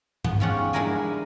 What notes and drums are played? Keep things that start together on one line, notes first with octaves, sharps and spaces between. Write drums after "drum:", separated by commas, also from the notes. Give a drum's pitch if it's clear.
B3, drum: tom G2
G#2 F3 C#4 F4 G4 F#5
G2 G#3 D4 E4 A#4 G#5